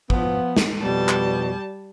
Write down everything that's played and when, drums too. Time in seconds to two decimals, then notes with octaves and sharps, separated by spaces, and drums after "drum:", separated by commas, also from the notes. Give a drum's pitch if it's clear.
0.10 F3 B3, drum: kick
0.57 drum: snare
0.82 F2 B2 G3 A5
1.09 drum: clap